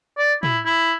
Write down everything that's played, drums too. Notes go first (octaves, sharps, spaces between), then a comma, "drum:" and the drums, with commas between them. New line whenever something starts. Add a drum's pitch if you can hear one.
D5
E4, drum: tom
E4